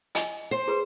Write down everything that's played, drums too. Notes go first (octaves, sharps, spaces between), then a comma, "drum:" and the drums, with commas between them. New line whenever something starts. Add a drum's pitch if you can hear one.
D#5 G#5, drum: hi-hat
C5
G#4 B4